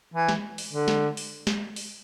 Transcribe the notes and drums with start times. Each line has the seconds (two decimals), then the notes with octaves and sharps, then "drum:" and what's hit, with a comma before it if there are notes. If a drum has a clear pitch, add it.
0.14 E3
0.29 drum: snare
0.58 drum: open hi-hat
0.73 D3
0.88 drum: snare
1.17 drum: open hi-hat
1.47 drum: snare
1.76 drum: open hi-hat